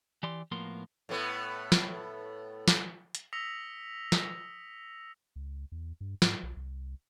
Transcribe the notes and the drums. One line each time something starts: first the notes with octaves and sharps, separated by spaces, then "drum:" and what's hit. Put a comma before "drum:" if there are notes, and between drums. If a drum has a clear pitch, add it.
E3 G4 D5 C6
A2 F3 A#3 B3 A#4 C6
A2 A3 B3
drum: snare
drum: snare
drum: hi-hat
D#6 E6 A#6 B6 C#7 F7
drum: snare
C#2
E2
G2
G#2, drum: snare
B1
C2